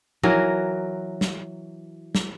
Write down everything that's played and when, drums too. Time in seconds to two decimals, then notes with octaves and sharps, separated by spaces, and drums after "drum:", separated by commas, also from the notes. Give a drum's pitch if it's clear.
0.23 E3 F#3 A#4, drum: tom F3
1.21 drum: snare
2.15 drum: snare